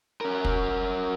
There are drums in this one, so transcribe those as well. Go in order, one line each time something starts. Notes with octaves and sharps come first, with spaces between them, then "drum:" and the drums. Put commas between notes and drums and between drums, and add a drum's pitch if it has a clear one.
C#4 A#4
drum: kick